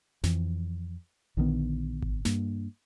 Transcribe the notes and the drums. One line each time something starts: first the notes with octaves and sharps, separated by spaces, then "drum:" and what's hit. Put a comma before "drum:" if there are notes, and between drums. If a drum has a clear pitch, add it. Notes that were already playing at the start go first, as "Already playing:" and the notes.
F2 E3, drum: snare
A#1 D3 D#3 B3
drum: kick G#1
G2 A#3, drum: snare